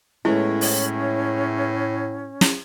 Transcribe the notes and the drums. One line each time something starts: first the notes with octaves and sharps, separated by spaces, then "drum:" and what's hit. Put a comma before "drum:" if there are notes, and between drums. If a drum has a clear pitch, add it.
A2 G#3 A3 B3 C#4 E4
drum: open hi-hat
drum: snare